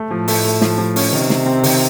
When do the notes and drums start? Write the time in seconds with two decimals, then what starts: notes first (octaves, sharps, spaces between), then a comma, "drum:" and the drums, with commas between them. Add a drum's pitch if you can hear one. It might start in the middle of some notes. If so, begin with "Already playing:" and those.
Already playing: A3
0.11 A2 F3
0.28 A3, drum: open hi-hat
0.44 A3
0.61 F3, drum: snare
0.78 F3
0.96 C#4, drum: open hi-hat
1.13 C3 D#3
1.30 D#3, drum: snare
1.46 C4
1.63 D#3, drum: open hi-hat